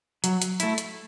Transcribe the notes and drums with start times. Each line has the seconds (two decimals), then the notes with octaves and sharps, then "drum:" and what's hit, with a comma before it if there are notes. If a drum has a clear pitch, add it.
0.24 F#3, drum: hi-hat
0.42 drum: hi-hat
0.60 A3 E4, drum: hi-hat
0.78 drum: hi-hat